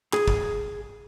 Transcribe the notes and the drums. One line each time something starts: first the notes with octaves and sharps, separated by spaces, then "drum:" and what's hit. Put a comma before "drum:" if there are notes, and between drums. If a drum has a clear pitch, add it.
G#4, drum: clap
drum: kick